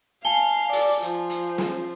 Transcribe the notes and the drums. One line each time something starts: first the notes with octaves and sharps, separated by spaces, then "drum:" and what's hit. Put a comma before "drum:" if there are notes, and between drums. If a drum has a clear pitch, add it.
F5 G#5 A5 G7
D5, drum: open hi-hat
F3, drum: hi-hat
drum: hi-hat
drum: snare